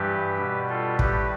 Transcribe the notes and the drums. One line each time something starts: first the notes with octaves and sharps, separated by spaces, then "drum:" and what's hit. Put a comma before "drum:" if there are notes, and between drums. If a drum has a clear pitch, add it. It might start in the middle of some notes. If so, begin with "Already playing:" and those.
Already playing: G2 E3 G3 G4 B4
B2 G3
F4 A4
A2 G3 G4 B4, drum: kick